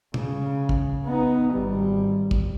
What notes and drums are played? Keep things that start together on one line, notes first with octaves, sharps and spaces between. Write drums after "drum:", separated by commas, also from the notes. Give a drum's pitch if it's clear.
C#3, drum: tom
drum: kick
B3 D#4
G#1 G3
drum: kick